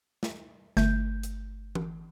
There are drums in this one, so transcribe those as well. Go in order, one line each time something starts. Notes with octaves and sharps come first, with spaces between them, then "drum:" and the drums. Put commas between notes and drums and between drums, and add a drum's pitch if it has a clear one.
drum: snare
G1 A3 G6, drum: snare
drum: hi-hat
drum: tom E3